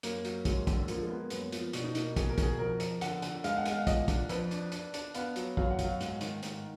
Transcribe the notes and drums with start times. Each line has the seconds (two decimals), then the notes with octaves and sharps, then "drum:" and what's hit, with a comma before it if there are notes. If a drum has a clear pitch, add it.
0.03 F#2 A#3, drum: hi-hat
0.25 F#3, drum: hi-hat
0.45 F#2 G#3, drum: kick, hi-hat
0.67 D3, drum: kick, hi-hat
0.88 F3 A#3, drum: hi-hat
1.02 G#3
1.10 B3
1.17 A#3
1.30 F#2 B3, drum: hi-hat
1.52 F3, drum: hi-hat
1.73 B2 D4, drum: hi-hat
1.84 D#4
1.95 A#3 D#4, drum: hi-hat
2.16 B2 G#4, drum: kick, hi-hat
2.29 A#4
2.38 B2 G#4, drum: kick, hi-hat
2.59 F2 A#4
2.80 F2, drum: hi-hat
3.01 D3 F#5, drum: hi-hat
3.22 D3, drum: hi-hat
3.44 G#3 F5, drum: hi-hat
3.58 F#5
3.66 G#3, drum: hi-hat
3.71 F5
3.87 A#2 D#5, drum: kick, hi-hat
4.08 D4, drum: kick, hi-hat
4.29 F2 B4, drum: hi-hat
4.51 D4, drum: hi-hat
4.72 D4 D5, drum: hi-hat
4.94 D4, drum: hi-hat
5.15 B3 F5, drum: hi-hat
5.36 F#3, drum: hi-hat
5.57 F#2 F5, drum: kick
5.71 F#5
5.79 F#3, drum: kick, hi-hat
5.84 F5
6.01 G#2, drum: hi-hat
6.21 D#3, drum: hi-hat
6.43 G#2, drum: hi-hat